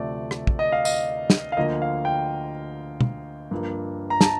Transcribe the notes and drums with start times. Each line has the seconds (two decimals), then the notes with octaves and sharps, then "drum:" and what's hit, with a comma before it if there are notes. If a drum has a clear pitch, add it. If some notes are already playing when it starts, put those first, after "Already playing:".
Already playing: D2 C3 F3 A3 D5
0.31 drum: rim click
0.47 drum: kick
0.59 D#5
0.72 F5
0.85 D#5, drum: tambourine
1.30 drum: snare
1.52 F5
1.57 D2 D3 F3 A#3 D#5
1.82 F5
2.05 G5
3.01 drum: tom
3.51 G2 F3 A#3
4.10 A#5
4.21 A5, drum: snare